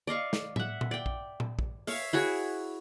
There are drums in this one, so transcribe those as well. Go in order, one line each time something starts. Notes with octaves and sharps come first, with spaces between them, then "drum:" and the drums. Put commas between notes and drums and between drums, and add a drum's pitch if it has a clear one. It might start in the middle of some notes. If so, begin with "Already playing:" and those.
D5 D#5 F5 C#6
drum: snare
E5 F#5, drum: tom A2
drum: tom A#2
D5 G5
drum: kick A#1
drum: tom A#2
drum: kick A#1
C#5 E5 F5, drum: open hi-hat
E4 F#4 G#4 C#5